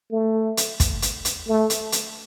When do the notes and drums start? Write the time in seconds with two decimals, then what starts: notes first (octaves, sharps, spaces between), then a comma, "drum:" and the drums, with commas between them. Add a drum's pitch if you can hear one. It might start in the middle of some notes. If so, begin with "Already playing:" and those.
0.12 A3
0.57 drum: hi-hat
0.80 drum: kick, hi-hat
1.02 drum: hi-hat
1.25 drum: hi-hat
1.48 A3
1.70 drum: hi-hat
1.92 drum: hi-hat